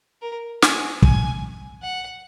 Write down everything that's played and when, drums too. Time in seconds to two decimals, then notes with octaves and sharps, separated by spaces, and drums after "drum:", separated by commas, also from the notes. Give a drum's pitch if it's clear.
0.22 A#4
0.62 G#5, drum: snare
1.02 G#5, drum: kick
1.82 F#5